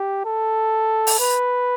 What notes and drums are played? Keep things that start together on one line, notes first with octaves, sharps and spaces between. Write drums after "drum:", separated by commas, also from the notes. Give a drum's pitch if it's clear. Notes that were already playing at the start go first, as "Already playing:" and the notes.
Already playing: G4
A4
drum: open hi-hat
B4